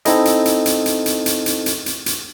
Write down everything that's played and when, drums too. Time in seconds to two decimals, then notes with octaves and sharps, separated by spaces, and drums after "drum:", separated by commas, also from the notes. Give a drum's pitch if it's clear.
0.05 C4 D#4 E4 A4 D#5, drum: hi-hat
0.25 drum: hi-hat
0.45 drum: hi-hat
0.66 drum: hi-hat
0.86 drum: hi-hat
1.06 drum: hi-hat
1.26 drum: hi-hat
1.46 drum: hi-hat
1.66 drum: hi-hat
1.86 drum: hi-hat
2.06 drum: hi-hat